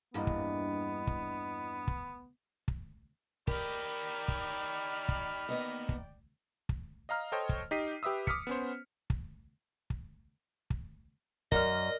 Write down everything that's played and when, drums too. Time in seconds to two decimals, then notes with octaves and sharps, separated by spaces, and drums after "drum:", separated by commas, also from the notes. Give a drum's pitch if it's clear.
0.14 E2 G2 A#3 B3 D4 E4 D#5
0.27 drum: kick
1.07 drum: kick
1.88 drum: kick
2.68 drum: kick
3.47 D#4 G4 A#4 D5 G5 B5 F6, drum: kick
4.28 drum: kick
5.09 drum: kick
5.49 A#3 B3 D#5
5.89 drum: kick
6.69 drum: kick
7.09 D#5 F5 A#5 F6
7.32 A4 C5 C#5 D#5 G5
7.49 drum: kick
7.71 D#4 G4 D#5 B6 C7 D#7
8.03 G4 B4 E5 D#6 E6
8.27 D6 D#6 F6 B6 C#7, drum: kick
8.47 B3 C#4 C5
9.10 drum: kick
9.90 drum: kick
10.70 drum: kick
11.52 F#2 A#4 D5 D#5 F6, drum: kick